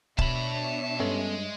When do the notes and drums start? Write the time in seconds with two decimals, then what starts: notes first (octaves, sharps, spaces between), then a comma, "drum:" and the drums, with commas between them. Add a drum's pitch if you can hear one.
0.18 B2 D4 C#5 E5 A5 B5, drum: kick C#1
1.00 G2 G#3 B3 C#4 A4